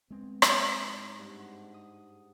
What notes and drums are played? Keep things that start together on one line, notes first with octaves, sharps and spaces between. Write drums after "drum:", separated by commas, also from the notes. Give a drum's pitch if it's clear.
G#3 B3 C4
drum: rim click
G#2 E4
G2 F#5
D#6